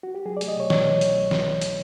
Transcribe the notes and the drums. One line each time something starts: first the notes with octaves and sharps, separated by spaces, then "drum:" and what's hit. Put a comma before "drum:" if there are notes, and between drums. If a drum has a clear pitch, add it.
F#4
G4
F#3 G#4
D5
A3, drum: hi-hat
D#5
B2 C#5
B2 C#5, drum: snare
F#3
C2, drum: hi-hat
drum: snare
drum: hi-hat